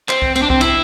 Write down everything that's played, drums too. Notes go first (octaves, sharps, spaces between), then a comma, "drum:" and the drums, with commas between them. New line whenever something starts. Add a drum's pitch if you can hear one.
C4, drum: clap
drum: kick C2
C4, drum: cymbal
D4
C4, drum: kick C2
E4, drum: cymbal